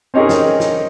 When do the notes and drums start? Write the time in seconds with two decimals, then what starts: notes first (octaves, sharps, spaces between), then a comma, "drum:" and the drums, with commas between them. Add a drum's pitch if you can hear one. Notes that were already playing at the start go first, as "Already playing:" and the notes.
0.14 C4 C#4 D#4 G4 G#4 A#4
0.29 drum: snare
0.60 drum: snare